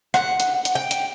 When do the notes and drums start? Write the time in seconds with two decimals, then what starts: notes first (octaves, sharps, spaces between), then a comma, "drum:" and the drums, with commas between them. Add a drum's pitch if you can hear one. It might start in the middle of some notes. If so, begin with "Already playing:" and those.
0.14 F#5, drum: rim click
0.40 drum: hi-hat
0.65 drum: hi-hat
0.75 G5
0.91 drum: hi-hat